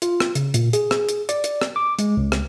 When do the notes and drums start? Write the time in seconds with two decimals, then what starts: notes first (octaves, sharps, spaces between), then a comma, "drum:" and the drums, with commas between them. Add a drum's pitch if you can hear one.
0.02 F4, drum: hi-hat
0.20 drum: rim click
0.35 C#3, drum: hi-hat
0.54 A#2, drum: hi-hat
0.73 G#4, drum: hi-hat
0.91 drum: rim click
1.09 drum: hi-hat
1.29 D5, drum: hi-hat
1.44 drum: hi-hat
1.61 drum: rim click
1.76 D6
1.99 G#3, drum: hi-hat
2.17 C#2
2.32 drum: rim click